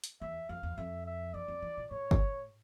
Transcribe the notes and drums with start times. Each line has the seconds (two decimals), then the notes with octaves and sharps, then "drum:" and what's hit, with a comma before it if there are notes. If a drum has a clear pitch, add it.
0.04 drum: hi-hat
0.21 E2 E5
0.49 F2 F5
0.63 E2
0.78 F2 E5
1.06 E5
1.34 E2 D5
1.48 F2
1.62 E3
1.77 A#2
1.91 A2 C#5
2.11 drum: kick G1